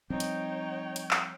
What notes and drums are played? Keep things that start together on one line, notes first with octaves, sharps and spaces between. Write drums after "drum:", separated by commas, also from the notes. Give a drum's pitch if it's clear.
F3 G3 C4 D#4 C#5 G5
drum: hi-hat
drum: hi-hat
drum: clap